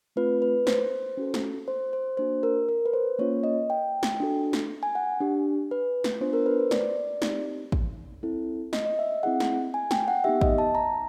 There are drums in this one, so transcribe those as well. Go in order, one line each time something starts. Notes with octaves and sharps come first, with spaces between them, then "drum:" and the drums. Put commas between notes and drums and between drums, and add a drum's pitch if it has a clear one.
A3 C4 F4 B4
B4
C5, drum: snare
C#4 F#4 A4
drum: snare
C5
C5
A#3 D4 F#4 C5
A#4
A#4
B4
C5
A#3 C#4 F4 C#5
D#5
G5
drum: snare
D4 F#4 A4
drum: snare
G#5
F#5
D4 G4
B4
drum: snare
B3 D4 F4 C5
A#4
B4
C5
D5, drum: snare
C4 D#4 G4, drum: snare
drum: kick
C4 E4 A4
D#5, drum: snare
D#5
E5
C4 E4 G#4 F#5
drum: snare
G#5
G5, drum: snare
F#5
B3 D#4 G4 E5
D#5, drum: kick
A5
A#5